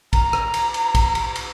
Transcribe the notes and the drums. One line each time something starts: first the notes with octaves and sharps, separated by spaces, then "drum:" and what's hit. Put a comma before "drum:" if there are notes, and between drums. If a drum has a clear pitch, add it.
A#5, drum: kick, cymbal
drum: rim click
drum: cymbal
drum: cymbal
drum: kick, cymbal
drum: cymbal
drum: cymbal